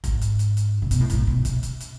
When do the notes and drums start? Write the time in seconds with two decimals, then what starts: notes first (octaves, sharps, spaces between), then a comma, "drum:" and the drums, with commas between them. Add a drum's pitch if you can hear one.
0.04 G#2, drum: kick F1, hi-hat
0.22 drum: hi-hat
0.39 drum: hi-hat
0.57 drum: hi-hat
0.82 C#3
0.91 B2, drum: hi-hat
1.00 A2
1.10 G#2, drum: kick F1, hi-hat
1.27 B2
1.45 C#3, drum: hi-hat
1.63 drum: hi-hat
1.80 drum: hi-hat